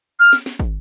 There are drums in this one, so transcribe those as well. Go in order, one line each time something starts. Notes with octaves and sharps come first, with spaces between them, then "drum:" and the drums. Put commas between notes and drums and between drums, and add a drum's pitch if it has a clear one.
F6
drum: snare
drum: snare
drum: kick